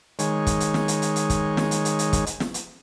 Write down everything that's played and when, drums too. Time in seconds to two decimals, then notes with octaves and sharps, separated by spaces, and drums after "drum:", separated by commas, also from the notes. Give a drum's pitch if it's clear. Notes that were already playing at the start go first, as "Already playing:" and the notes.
0.19 D#3 G#3 C#5, drum: hi-hat
0.47 drum: kick, hi-hat
0.60 drum: hi-hat
0.74 drum: snare
0.88 drum: hi-hat
1.02 drum: hi-hat
1.16 drum: hi-hat
1.30 drum: kick, hi-hat
1.57 drum: snare
1.71 drum: hi-hat
1.85 drum: hi-hat
1.99 drum: hi-hat
2.13 drum: kick, hi-hat
2.26 drum: hi-hat
2.40 drum: snare
2.54 drum: hi-hat